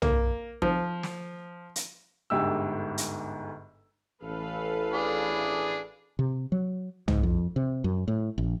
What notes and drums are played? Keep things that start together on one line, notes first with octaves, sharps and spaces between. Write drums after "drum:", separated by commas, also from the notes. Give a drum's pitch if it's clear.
A#3, drum: tom
F3, drum: kick
drum: snare
drum: hi-hat
G1 D2 G#2 G4 E6
drum: hi-hat
A1 E3 A4 B4 F5
D4 G#4
C3
F#3
G#2, drum: tom
F2
C3
F#2
A2
A#1